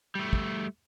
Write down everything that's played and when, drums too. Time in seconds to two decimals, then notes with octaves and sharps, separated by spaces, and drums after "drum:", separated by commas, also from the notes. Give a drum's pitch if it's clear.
0.15 G3 A3
0.33 drum: kick